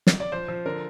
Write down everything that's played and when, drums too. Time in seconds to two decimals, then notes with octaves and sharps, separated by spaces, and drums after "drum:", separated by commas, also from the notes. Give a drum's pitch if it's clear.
0.07 drum: snare
0.20 D5
0.32 F3 C5
0.48 F3
0.65 D3 A#4